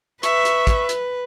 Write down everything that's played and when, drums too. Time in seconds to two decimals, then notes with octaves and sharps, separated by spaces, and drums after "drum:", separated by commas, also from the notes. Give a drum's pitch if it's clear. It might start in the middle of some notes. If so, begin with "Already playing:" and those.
0.23 B4 E5 C#6, drum: hi-hat
0.45 drum: hi-hat
0.67 drum: kick, hi-hat
0.89 drum: hi-hat